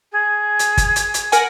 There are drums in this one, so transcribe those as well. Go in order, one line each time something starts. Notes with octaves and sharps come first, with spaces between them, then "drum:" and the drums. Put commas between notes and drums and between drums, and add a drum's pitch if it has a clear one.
G#4
drum: hi-hat
drum: kick G1, hi-hat
drum: hi-hat
drum: hi-hat
A#4 F#5 G#5, drum: hi-hat